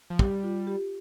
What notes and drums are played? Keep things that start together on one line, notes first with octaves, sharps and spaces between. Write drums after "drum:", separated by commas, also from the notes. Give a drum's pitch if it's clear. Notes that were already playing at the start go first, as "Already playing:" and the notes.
F3
G3 G4, drum: kick
F4
G4